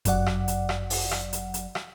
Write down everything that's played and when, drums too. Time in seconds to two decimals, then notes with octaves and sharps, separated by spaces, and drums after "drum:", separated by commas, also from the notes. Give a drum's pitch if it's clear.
0.05 G1 F#2 F#3 D5 F#5, drum: kick F1, hi-hat
0.26 drum: rim click
0.48 drum: hi-hat
0.69 drum: rim click
0.90 drum: open hi-hat
1.11 drum: rim click
1.33 drum: hi-hat
1.54 drum: hi-hat
1.75 drum: rim click